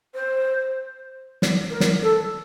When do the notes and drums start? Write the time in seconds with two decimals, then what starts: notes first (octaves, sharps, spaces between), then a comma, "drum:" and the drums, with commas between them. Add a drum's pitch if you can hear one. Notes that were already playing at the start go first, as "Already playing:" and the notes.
0.14 C5
1.42 drum: snare
1.70 A#4
1.80 drum: snare
2.02 A4